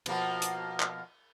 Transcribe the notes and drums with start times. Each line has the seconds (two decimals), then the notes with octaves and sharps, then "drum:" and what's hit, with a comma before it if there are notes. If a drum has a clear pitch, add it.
0.06 B2 F3 A#3, drum: cymbal
0.42 drum: hi-hat
0.80 drum: clap